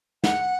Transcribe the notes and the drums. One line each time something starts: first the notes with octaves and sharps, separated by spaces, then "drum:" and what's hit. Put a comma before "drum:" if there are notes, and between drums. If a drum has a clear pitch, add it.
F#5, drum: snare